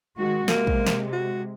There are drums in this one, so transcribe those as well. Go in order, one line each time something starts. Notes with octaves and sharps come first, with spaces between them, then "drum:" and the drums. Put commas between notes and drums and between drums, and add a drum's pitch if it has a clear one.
D#3 G#3 F#4
C3 G#3 A#3, drum: snare
drum: kick
drum: snare
F#4